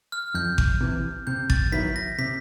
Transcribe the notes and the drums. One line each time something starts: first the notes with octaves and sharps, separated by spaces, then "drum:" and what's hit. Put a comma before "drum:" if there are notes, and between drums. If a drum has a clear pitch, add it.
F6
F2 G6
drum: kick G#1
C3 E3
C3 G6
A6, drum: kick G#1
D#3 F#3 B3 E4 B6
A#6
C3 B6